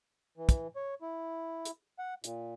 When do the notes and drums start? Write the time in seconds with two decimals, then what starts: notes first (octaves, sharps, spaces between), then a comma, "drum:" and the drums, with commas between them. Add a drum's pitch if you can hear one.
0.37 E3
0.49 drum: kick, hi-hat
0.76 C#5
1.02 E4
1.65 drum: hi-hat
1.99 F#5
2.24 A#2, drum: hi-hat